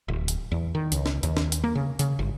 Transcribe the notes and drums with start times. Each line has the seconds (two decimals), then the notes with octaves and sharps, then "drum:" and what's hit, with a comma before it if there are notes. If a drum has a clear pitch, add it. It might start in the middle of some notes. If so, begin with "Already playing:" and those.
0.08 D1
0.28 drum: hi-hat
0.52 E2
0.75 D#3
0.92 C#2, drum: hi-hat
1.06 drum: snare
1.23 D#2, drum: hi-hat
1.37 drum: snare
1.52 drum: hi-hat
1.64 A#3
1.75 C#3
1.99 C#3, drum: hi-hat
2.19 G1